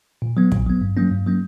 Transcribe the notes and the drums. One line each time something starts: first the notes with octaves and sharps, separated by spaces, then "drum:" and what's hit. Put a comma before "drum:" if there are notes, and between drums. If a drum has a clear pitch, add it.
A#2
F#3 B3
A#2, drum: kick
F#3 B3
G2
F#3 A#3 C#4
G2
F#3 A#3 C#4